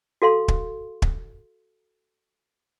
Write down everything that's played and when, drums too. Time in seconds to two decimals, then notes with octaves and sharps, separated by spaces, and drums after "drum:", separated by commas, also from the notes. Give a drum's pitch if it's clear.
0.22 F#4 A4 F5 C6
0.48 drum: kick
1.02 drum: kick